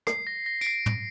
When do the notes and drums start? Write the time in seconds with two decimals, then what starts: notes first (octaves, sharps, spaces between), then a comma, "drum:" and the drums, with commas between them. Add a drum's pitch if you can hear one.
0.07 C7, drum: rim click
0.27 A#6
0.46 A#6
0.61 D7, drum: tambourine
0.67 C7
0.86 drum: tom